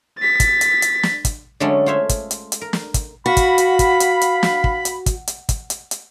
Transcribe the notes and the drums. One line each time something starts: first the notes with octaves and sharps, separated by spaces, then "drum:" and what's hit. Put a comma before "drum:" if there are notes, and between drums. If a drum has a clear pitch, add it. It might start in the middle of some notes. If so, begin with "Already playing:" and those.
A6 B6
drum: kick, hi-hat
drum: hi-hat
drum: hi-hat
drum: snare
drum: kick, hi-hat
D3 F#3 G#3 A3 C#4 D5
F4 C5 C#5 E5
drum: kick, hi-hat
drum: hi-hat
drum: hi-hat
A#4
drum: snare
drum: kick, hi-hat
F#4 F5 B5
drum: kick, hi-hat
drum: hi-hat
drum: kick, hi-hat
drum: hi-hat
drum: hi-hat
drum: snare
drum: kick
drum: hi-hat
drum: kick, hi-hat
drum: hi-hat
drum: kick, hi-hat
drum: hi-hat
drum: hi-hat